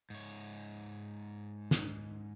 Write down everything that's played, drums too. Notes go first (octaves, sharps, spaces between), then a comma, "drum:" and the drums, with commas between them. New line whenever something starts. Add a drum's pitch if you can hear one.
G#2 C#5
drum: snare